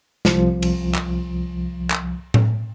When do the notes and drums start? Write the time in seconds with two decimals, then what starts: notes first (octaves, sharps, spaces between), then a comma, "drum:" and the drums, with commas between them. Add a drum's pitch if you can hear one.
0.25 C2 F3, drum: snare
0.62 drum: cymbal
0.95 drum: clap
1.91 drum: clap
2.34 drum: tom A2